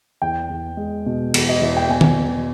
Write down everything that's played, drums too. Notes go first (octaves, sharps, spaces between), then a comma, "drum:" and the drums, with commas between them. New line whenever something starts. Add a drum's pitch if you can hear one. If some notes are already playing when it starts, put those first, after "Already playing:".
E2 G5
E2
G#3
B2
E2, drum: cymbal
D#5
E2 E5
G5
B2 G#5
drum: tom D3
B2